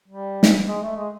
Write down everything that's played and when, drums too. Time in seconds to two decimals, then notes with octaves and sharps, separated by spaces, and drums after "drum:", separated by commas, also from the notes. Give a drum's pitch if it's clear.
0.08 G3
0.43 drum: snare
0.68 G#3
0.83 A3
0.97 G#3